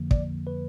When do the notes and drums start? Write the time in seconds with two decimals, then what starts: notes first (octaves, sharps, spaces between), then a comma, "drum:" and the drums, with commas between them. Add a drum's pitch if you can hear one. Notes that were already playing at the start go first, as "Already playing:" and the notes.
Already playing: F2 D3 F3 A#3
0.11 D5, drum: kick
0.47 B4